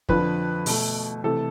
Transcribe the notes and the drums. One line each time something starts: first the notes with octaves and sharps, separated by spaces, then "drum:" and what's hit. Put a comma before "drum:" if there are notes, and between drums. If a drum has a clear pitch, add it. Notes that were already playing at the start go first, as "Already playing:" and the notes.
F2 D3 F3 B4, drum: kick
B2 A3, drum: open hi-hat
C3 E3 A3 A4